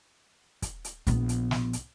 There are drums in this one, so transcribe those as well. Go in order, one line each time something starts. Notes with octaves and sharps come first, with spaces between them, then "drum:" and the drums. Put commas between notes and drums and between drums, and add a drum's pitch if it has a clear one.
drum: kick, hi-hat
drum: hi-hat
A#1 B3, drum: hi-hat
drum: hi-hat
drum: snare
drum: hi-hat